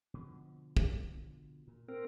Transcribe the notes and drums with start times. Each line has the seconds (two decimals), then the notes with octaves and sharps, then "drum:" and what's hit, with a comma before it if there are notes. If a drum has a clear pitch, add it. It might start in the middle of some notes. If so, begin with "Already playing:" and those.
0.14 B2 D3 F3
0.77 drum: kick
1.68 A#2
1.88 C4 A#4